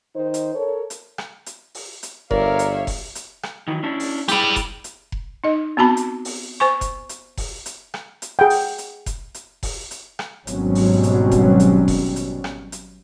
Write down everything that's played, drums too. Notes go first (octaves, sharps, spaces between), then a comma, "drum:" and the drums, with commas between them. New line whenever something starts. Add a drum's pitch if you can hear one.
D#3 D#4 C5
drum: hi-hat
A4 A#4 C#5
drum: hi-hat
drum: rim click
drum: hi-hat
drum: open hi-hat
drum: hi-hat
G1 A#4 C#5 D5 E5 F5, drum: kick F1
drum: hi-hat
drum: kick F1, open hi-hat
drum: hi-hat
drum: rim click
D#3 E3 F#3
C#4 D4 E4
drum: open hi-hat
G3 E4 G4 G#4 B4, drum: hi-hat
drum: kick F1, hi-hat
drum: hi-hat
drum: kick F1
D#4 D#5
B3 C4 F#4 A5 B5
drum: hi-hat
drum: open hi-hat
C5 G#5 C#6
drum: kick F1, hi-hat
drum: hi-hat
drum: kick F1, open hi-hat
drum: hi-hat
drum: rim click
drum: hi-hat
G#4 F#5 G5
drum: open hi-hat
drum: hi-hat
drum: kick F1, hi-hat
drum: hi-hat
drum: kick F1, open hi-hat
drum: hi-hat
drum: rim click
G#1 B2 F#3 G3 C4 C#4, drum: hi-hat
drum: open hi-hat
drum: hi-hat
drum: kick F1, hi-hat
drum: hi-hat
drum: kick F1, open hi-hat
drum: hi-hat
drum: rim click
drum: hi-hat